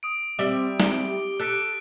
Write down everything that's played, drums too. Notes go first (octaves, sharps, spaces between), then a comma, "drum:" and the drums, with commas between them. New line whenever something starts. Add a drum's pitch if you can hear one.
D#6 D7
G3 C4 E5
C4 G7, drum: snare
G4
A4 F#6 B6 D7